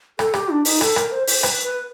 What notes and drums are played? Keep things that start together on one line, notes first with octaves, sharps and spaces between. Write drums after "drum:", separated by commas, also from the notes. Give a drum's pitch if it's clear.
A4, drum: rim click
G4, drum: rim click
D4
D#4, drum: open hi-hat
A4, drum: rim click
A#4, drum: rim click
C5
C5, drum: open hi-hat
B4, drum: rim click
B4